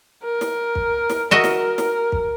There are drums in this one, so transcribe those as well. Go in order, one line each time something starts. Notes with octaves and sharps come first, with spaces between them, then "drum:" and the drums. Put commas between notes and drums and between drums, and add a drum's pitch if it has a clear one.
A#4
drum: snare
drum: kick
drum: snare
F#4 A#4 D#5 E5
drum: snare
drum: snare
drum: kick